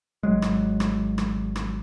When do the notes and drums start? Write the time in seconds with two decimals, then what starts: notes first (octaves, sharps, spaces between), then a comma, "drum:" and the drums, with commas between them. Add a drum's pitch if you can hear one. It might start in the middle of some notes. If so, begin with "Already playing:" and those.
0.23 G#1 C#2 F#3 G#3
0.42 drum: rim click
0.80 drum: rim click
1.18 drum: rim click
1.56 drum: rim click